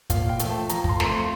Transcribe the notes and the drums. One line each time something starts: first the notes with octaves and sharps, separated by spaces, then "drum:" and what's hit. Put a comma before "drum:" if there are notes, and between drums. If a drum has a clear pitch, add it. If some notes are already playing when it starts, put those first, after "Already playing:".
A#2 F5, drum: kick, hi-hat
G5
F3 A3, drum: hi-hat
A5
F3 A#5, drum: hi-hat
A#5, drum: kick
C6
A3 C4 F4, drum: snare
C6